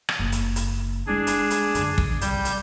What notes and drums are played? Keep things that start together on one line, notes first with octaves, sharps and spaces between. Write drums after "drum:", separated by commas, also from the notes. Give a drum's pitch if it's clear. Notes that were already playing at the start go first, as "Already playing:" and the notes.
drum: rim click
F#1
drum: hi-hat
drum: hi-hat
G#3 D4 E4 G#4
drum: hi-hat
drum: hi-hat
F#2 D3, drum: hi-hat
drum: kick
C2 G3 G6, drum: hi-hat
drum: hi-hat